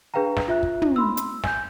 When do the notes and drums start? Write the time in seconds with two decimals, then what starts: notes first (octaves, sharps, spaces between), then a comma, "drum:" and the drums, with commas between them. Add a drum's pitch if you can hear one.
0.14 D4 G#4 B4 F5 G5 A#5
0.37 drum: snare
0.48 F4 E5 F#6
0.63 drum: kick
0.82 drum: tom
0.96 B5 C6 E6
1.17 drum: hi-hat
1.44 G#5 G6, drum: snare